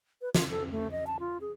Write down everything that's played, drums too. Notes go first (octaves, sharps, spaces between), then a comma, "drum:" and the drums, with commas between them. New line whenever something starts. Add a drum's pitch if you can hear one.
B4
F4, drum: snare
A4
A3
D#5
A5
F4
G#4